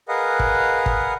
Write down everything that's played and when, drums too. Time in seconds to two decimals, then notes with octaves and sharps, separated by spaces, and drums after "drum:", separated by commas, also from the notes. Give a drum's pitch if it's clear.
0.09 G#4 A#4 B4 D#5 F5 F#5
0.39 drum: kick
0.86 drum: kick